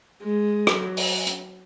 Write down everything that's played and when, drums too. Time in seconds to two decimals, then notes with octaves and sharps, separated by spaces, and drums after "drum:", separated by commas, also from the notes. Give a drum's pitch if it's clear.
0.23 G#3
0.67 F#3, drum: rim click
0.97 drum: open hi-hat
1.27 drum: hi-hat